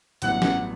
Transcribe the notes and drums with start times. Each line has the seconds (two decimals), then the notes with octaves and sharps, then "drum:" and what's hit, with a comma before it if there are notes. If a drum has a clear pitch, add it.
0.22 A1 G2 F#3 B3 E4 F#5, drum: hi-hat
0.42 drum: snare